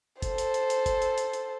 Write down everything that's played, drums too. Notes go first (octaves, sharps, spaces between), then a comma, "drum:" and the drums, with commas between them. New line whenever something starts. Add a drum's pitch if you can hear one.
A4 C5, drum: kick F#1, hi-hat
drum: hi-hat
drum: hi-hat
drum: hi-hat
drum: kick F#1, hi-hat
drum: hi-hat
drum: hi-hat
drum: hi-hat